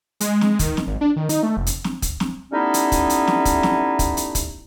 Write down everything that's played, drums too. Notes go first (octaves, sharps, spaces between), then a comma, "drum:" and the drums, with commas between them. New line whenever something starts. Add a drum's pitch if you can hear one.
G#3, drum: hi-hat
drum: snare
D#3, drum: kick, hi-hat
drum: snare
G#1
D4
D#3
D#4, drum: hi-hat
A3
F1
drum: hi-hat
drum: snare
drum: kick, hi-hat
drum: snare
G3 A3 B3 C#4 D#4 E4
drum: hi-hat
drum: kick, hi-hat
drum: hi-hat
drum: snare
drum: kick, hi-hat
drum: snare
drum: kick, hi-hat
drum: hi-hat
drum: kick, hi-hat